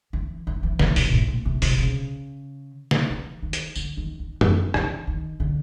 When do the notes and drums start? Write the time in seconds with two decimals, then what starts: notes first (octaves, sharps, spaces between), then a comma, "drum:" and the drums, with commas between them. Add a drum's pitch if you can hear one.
0.13 E3
0.47 E3
0.63 E3
0.79 E3, drum: snare
0.96 B2, drum: open hi-hat
1.13 A2
1.28 A#2
1.45 C3
1.62 C3, drum: open hi-hat
1.78 C#3
2.91 drum: snare
3.10 E3
3.42 D#3
3.53 drum: hi-hat
3.76 D3, drum: tambourine
3.97 D#3
4.19 D#3
4.41 D#3, drum: tom F#2
4.74 E3, drum: rim click
5.07 D#3
5.40 D3